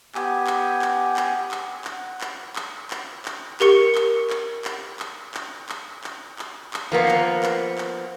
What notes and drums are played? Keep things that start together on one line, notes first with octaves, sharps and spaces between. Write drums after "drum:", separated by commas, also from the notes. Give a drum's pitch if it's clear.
B3 G4 G#5, drum: clap
drum: clap
drum: clap
drum: clap
drum: clap
F#5, drum: clap
drum: clap
drum: clap
drum: clap
drum: clap
G4 A#4 C#6 C#7, drum: clap
drum: clap
drum: clap
drum: clap
drum: clap
drum: clap
drum: clap
drum: clap
drum: clap
drum: clap
F3 A#3 B3
drum: clap
drum: clap
drum: clap